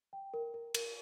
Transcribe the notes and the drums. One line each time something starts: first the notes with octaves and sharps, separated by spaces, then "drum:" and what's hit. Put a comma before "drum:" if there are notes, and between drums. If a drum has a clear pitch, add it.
G5
A#4
A#4
A#4, drum: cymbal